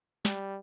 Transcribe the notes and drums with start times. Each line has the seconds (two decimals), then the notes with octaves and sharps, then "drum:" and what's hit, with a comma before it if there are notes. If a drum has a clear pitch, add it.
0.25 G3, drum: snare